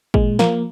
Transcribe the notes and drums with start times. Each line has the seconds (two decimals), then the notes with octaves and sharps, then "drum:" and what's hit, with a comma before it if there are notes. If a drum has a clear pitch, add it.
0.14 A#2 G#3, drum: kick G#1
0.39 F3 A#3, drum: snare